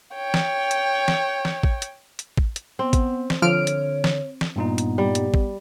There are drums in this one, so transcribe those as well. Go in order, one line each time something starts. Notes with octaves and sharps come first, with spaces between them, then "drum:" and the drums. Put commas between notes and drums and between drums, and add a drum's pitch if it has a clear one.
C#5 G5
drum: snare
drum: hi-hat
drum: snare
drum: snare
drum: kick A1
drum: hi-hat
drum: hi-hat
drum: kick A1
drum: hi-hat
B3 C4
drum: kick A1, hi-hat
drum: snare
D3 F3 C#5 F6 D7
drum: hi-hat
drum: snare
drum: snare
G2 A#2 B3 D#4
drum: hi-hat
G3
drum: hi-hat
drum: kick A1